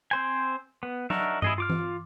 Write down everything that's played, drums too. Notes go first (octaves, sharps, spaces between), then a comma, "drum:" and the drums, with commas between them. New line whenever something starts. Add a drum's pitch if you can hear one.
C4 C5 G#5
B3
D4 D#4 F#4 A#4 E5, drum: tom F#3
E4 G#4 D#5, drum: tom G2
F4 D6 F6
drum: tom E3